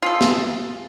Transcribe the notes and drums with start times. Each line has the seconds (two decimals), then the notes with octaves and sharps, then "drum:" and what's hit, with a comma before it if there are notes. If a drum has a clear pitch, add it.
0.02 F4 G#4 A4
0.21 drum: snare